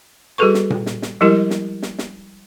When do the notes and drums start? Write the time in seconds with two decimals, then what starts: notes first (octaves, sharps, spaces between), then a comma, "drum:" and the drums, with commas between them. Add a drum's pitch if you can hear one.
0.38 G3 F#4 G#4 A4 B4 C#6
0.54 drum: snare
0.70 drum: tom A#2
0.86 drum: snare
1.02 drum: snare
1.21 F3 G3 G#3 E4 G4 A#4
1.50 drum: snare
1.82 drum: snare
1.99 drum: snare